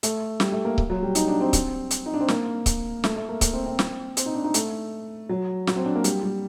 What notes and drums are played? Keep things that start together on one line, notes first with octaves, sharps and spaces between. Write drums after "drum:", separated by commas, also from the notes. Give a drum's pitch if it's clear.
A3, drum: hi-hat
G3, drum: snare
A3
A#3
drum: kick C#1
F#3
G3
D#4, drum: hi-hat
D4
C4
drum: kick C#1, hi-hat
drum: hi-hat
D#4
D4
C4
A#3, drum: snare
drum: kick C#1, hi-hat
A3, drum: snare
A3
A#3
A#3, drum: kick C#1, hi-hat
C4
C4
drum: snare
C4, drum: hi-hat
D#4
D4
D#4
A3, drum: hi-hat
F#3
F#3, drum: snare
C4
D4
A#3
G3, drum: hi-hat
G3